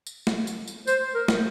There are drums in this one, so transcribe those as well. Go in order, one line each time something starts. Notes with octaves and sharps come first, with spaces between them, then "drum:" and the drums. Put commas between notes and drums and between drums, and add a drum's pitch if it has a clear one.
drum: tambourine
drum: snare
drum: tambourine
drum: tambourine
C5, drum: tambourine
A#4
drum: snare